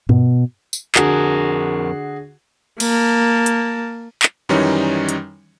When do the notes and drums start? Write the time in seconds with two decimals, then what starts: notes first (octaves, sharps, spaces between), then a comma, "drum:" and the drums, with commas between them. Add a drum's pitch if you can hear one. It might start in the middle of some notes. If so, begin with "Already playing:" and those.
0.09 B2, drum: tom G2
0.73 drum: tambourine
0.95 F2 D3 F#4 G#4 A#4, drum: clap
2.80 A#3 A5, drum: cymbal
3.46 drum: hi-hat
4.23 drum: clap
4.49 F#2 D#3 E3 G3 C#4 D#4
5.09 drum: hi-hat